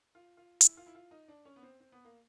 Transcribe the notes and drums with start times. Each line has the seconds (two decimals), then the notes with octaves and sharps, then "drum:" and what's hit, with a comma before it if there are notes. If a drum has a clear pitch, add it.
0.15 F4
0.37 F4
0.61 E4, drum: hi-hat
0.77 F4
0.87 E4
0.95 F4
1.11 D#4
1.28 D4
1.45 C#4
1.56 B3
1.63 C4
1.80 C4
1.92 B3
2.05 A#3